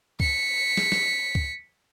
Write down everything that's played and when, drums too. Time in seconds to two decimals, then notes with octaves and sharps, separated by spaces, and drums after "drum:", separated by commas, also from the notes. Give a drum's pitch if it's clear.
0.20 B6 C#7, drum: kick C#2
0.77 drum: snare
0.92 drum: snare
1.35 drum: kick C#2